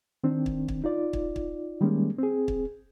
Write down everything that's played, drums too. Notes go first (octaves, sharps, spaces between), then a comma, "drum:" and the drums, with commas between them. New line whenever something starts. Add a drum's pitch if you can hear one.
D#3 C4 D4
drum: kick
drum: kick
D#4 F4 D5
drum: kick
drum: kick
D#3 G3 G#3 A#3 C#4
C4 G#4
drum: kick